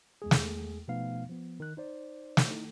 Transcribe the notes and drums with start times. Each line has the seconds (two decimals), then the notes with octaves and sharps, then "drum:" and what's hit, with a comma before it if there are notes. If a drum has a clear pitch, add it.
0.22 E2 G#3 G#4
0.31 drum: snare
0.88 B2 F3 A3 B3 D#4 F5
1.29 F3 B3
1.60 D#3 F#6
1.77 D#4 C5 D5
2.37 drum: snare
2.51 D#4 E4